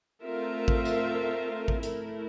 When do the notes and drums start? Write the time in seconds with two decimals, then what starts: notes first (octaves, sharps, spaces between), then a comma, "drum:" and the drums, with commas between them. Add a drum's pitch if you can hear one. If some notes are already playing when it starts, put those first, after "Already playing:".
0.22 A3 C4 F4 A#4 E5
0.68 drum: kick A1
0.85 drum: tambourine
1.68 drum: kick A1
1.83 A3 E4 A#4, drum: hi-hat